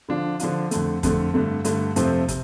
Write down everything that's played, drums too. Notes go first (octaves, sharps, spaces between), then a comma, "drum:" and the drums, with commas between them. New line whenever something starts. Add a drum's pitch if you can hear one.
D3 F3 D4 F4
D3 F3 D4 F4, drum: hi-hat
F2 D3 A3, drum: hi-hat
F2 D3 A3, drum: kick, hi-hat
G2 D3 A3
G2 D3 A3, drum: hi-hat
F2 C3 F3 A3 C4, drum: hi-hat
C3, drum: kick, hi-hat